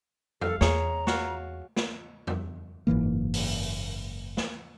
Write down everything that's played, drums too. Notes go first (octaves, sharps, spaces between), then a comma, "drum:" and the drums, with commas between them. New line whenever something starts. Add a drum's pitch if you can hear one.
A4 F5, drum: tom F2
E2 G#4 C#5 A#5, drum: snare
F#4 F5, drum: snare
drum: snare
drum: tom F2
F#1 G#2 E3 A#3
drum: open hi-hat
drum: snare